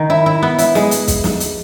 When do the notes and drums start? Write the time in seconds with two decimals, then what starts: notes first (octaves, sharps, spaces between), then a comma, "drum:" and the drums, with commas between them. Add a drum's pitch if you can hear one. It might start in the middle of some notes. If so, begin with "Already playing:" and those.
Already playing: D#3
0.10 E4
0.26 E4
0.42 B3
0.58 E4, drum: hi-hat
0.75 G#3, drum: snare
0.91 drum: hi-hat
1.08 drum: kick, hi-hat
1.24 drum: snare
1.40 drum: hi-hat